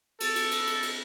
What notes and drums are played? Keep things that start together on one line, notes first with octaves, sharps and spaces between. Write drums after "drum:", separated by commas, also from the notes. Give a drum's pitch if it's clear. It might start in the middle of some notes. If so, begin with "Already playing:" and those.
A4, drum: cymbal
drum: cymbal
drum: cymbal
drum: cymbal
drum: cymbal